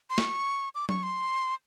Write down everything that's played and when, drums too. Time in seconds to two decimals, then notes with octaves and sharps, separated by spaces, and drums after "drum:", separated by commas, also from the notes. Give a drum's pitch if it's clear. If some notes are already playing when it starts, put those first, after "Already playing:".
0.10 C6
0.18 C#6, drum: snare
0.75 D6
0.89 C#6, drum: tom F#3
1.03 C6